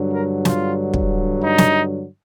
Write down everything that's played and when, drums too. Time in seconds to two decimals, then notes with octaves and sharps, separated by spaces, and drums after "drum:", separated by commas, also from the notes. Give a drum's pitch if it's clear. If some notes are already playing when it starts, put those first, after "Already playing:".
Already playing: G2 D3 F#3
0.12 A#4
0.45 F4, drum: snare
0.94 drum: kick
1.42 D#4
1.58 drum: snare